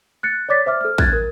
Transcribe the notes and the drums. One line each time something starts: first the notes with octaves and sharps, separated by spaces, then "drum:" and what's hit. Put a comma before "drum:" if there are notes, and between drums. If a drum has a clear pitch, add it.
F#6 A6 C#7
C#5 D5 D6 A6 B6
C5 E5 D6 F6
A4 F6
F#6 G#6 A6, drum: kick
A#4